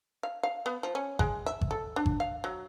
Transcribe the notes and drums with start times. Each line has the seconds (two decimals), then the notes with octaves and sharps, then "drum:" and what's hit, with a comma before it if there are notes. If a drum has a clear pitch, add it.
0.23 F5
0.43 F5
0.66 B3
0.83 F3
0.95 C#4
1.19 G#3, drum: kick G#1
1.46 E5
1.61 drum: kick G#1
1.71 A4
1.96 D4
2.06 drum: kick G#1
2.20 F5
2.44 F#3